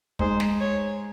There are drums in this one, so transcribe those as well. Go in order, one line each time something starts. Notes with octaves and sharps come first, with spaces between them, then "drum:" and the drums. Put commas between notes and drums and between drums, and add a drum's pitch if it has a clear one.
G#3 D#4 G#4 C5, drum: kick
drum: snare
C#5